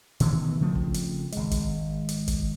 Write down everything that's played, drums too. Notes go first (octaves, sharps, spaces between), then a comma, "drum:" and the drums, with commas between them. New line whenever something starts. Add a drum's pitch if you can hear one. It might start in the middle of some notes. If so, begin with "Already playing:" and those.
B2 D#3 E3 A3, drum: hi-hat
C#3 F3 A3 C4
drum: kick G1
drum: hi-hat
G#1 G#3, drum: hi-hat
drum: kick G1, hi-hat
drum: hi-hat
drum: kick G1, hi-hat